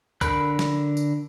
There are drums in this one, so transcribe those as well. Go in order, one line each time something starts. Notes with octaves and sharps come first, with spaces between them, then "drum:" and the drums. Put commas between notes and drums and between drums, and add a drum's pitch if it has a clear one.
D3 A#4 B5 F#6, drum: kick, tambourine
drum: snare
drum: tambourine